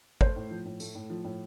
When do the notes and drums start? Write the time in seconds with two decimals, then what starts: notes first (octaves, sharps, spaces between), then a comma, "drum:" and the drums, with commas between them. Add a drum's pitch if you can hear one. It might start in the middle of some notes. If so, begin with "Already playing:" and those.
0.21 A3 C5, drum: kick
0.36 A2
0.50 F3
0.65 A2
0.80 A3, drum: tambourine
0.95 A2
1.10 F3
1.24 A2